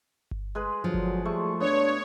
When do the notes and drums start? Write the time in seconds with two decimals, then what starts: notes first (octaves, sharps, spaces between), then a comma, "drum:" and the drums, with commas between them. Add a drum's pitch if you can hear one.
0.31 drum: kick G1
0.55 G#3 G#4 B4
0.84 D3 F3 F#3
0.94 drum: kick G1
1.25 F#3 G3 A3 G#4 C5 C#6
1.60 G2 B3 D4 C#5